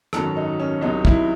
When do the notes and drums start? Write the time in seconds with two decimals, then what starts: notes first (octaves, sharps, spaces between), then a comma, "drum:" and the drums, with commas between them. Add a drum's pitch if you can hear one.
0.13 G#1 F#2 D#3 F#3 A4, drum: rim click
0.37 D#4
0.59 C#4
0.81 C2 C3 F#3 D#4
1.05 E4, drum: kick